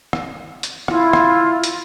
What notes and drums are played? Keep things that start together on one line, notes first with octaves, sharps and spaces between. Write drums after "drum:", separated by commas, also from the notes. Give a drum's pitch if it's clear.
drum: rim click
drum: hi-hat
E4 F4, drum: rim click
drum: rim click
drum: hi-hat